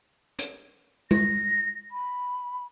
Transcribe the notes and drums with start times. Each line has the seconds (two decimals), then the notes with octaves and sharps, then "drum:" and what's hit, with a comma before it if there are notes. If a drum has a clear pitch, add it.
0.39 drum: hi-hat
1.11 A#6, drum: tom G#3
1.91 B5